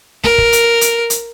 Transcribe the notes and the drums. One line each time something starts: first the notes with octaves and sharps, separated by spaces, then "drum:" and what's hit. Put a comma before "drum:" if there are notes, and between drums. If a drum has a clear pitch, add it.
A#4, drum: snare
drum: kick
drum: hi-hat
drum: hi-hat
drum: hi-hat